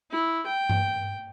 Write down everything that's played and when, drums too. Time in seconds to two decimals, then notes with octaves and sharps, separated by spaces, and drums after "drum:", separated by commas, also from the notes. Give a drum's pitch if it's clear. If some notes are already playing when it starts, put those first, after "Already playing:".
0.12 E4
0.48 G5
0.69 drum: tom G2